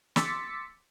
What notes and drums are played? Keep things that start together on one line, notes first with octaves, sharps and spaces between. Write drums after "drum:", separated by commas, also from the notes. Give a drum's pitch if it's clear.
C6 D6 E6 A6 B6 C#7, drum: snare